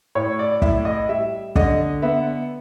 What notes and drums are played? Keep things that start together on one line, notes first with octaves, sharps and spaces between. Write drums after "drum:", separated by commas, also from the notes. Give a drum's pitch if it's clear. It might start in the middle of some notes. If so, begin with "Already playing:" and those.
A2 C#5
D5
A2 E5, drum: kick
D#5
G3 E5
D3 D#5, drum: kick
B3 E5